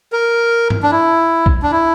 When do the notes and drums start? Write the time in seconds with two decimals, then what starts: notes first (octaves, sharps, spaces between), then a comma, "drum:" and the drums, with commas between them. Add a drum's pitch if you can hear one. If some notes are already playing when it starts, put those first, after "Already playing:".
0.12 A#4
0.70 drum: tom G2
0.83 D4
0.91 E4
1.46 drum: kick B1
1.62 D4
1.72 E4